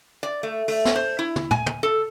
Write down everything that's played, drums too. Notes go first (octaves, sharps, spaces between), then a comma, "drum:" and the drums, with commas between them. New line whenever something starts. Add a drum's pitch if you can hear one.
D5
A3
A3, drum: open hi-hat
drum: snare
C5
E4
drum: tom
G#5, drum: tom
drum: tom
A4